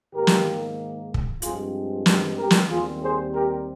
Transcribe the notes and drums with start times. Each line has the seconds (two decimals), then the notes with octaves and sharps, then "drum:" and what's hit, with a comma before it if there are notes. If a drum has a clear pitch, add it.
0.14 G#2 D#3 A#3 G4 A#4
0.27 drum: snare
1.14 drum: kick
1.42 G2 F3 G#3 C4 F4 G#4, drum: hi-hat
2.06 G4 A#4, drum: snare
2.38 G4 A#4
2.51 drum: snare
2.70 D#2 D#3 G3 C4 F4 G#4
3.02 G#4 C5
3.34 G4 A#4